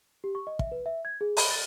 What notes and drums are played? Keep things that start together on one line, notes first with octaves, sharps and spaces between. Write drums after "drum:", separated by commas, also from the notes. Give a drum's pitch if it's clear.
G4
C#6
D#5
E5, drum: kick
B4
E5
G#6
G#4
B5, drum: open hi-hat
A6